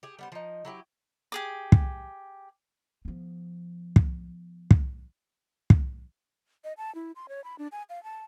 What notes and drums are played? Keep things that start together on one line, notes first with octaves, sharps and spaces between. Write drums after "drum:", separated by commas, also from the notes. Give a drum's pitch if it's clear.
G4 G#4
G3 B3 C5
F3 D#4
F#3 E4 G4
G4 G#4 D6
drum: kick
F3 B3
drum: kick
drum: kick
drum: kick
D#5
A5
E4
C6
C#5
B5
D4
G#5
F5
A5